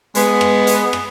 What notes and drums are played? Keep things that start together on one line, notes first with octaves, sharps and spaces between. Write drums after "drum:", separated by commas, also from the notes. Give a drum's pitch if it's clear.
G#3 B3, drum: hi-hat
drum: rim click
drum: hi-hat
drum: rim click